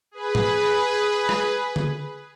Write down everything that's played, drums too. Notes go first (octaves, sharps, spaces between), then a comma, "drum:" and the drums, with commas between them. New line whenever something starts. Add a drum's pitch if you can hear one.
G#4 B4
drum: tom G#2
drum: rim click
drum: tom D3